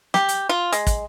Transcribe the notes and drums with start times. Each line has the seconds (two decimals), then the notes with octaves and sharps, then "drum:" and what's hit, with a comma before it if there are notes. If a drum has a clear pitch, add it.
0.14 G4, drum: snare
0.29 drum: hi-hat
0.49 F4
0.72 G#3, drum: hi-hat
0.87 drum: kick, hi-hat